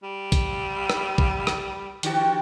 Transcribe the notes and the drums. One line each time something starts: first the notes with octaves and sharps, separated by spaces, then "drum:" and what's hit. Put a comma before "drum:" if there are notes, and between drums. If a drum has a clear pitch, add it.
G3
drum: kick, hi-hat
drum: rim click
drum: kick
drum: rim click
D3 F#4 G4, drum: hi-hat